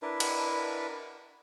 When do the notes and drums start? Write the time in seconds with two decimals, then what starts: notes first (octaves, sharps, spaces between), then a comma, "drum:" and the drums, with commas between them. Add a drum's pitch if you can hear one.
0.02 D4 E4 A#4 B4
0.20 drum: cymbal